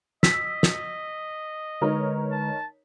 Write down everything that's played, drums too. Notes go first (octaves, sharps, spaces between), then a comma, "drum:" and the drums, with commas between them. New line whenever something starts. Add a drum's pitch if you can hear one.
D#5 E6 B6, drum: snare
drum: snare
D3 G#3 D#4 A#4 B4 C#5
A5